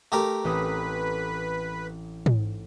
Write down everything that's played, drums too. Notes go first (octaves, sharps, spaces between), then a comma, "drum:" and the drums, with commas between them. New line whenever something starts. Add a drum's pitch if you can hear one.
A3 G4 A#4
A1 C4 B4 D#6
drum: tom